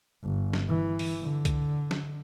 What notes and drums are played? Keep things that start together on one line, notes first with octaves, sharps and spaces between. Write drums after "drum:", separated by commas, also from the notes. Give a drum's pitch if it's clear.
G1
drum: snare
E3
drum: open hi-hat
D3
drum: kick C2, hi-hat
drum: snare